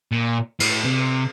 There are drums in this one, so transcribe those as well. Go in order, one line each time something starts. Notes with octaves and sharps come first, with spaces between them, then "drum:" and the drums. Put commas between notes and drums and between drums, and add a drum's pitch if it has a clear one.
A#2
A2, drum: cymbal
C3